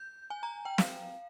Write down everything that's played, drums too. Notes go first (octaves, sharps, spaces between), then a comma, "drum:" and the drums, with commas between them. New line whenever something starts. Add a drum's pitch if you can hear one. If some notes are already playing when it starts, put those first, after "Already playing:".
Already playing: G6
G#5
A#5
G5
F5, drum: snare